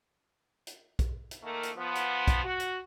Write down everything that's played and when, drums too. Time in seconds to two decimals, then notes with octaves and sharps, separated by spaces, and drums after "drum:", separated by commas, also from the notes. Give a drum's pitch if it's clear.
0.67 drum: hi-hat
0.99 drum: kick B1, hi-hat
1.31 drum: hi-hat
1.42 D#3 A3 A#3
1.63 drum: hi-hat
1.76 F3 B3
1.95 drum: hi-hat
2.28 drum: kick B1, hi-hat
2.44 F#4
2.60 drum: hi-hat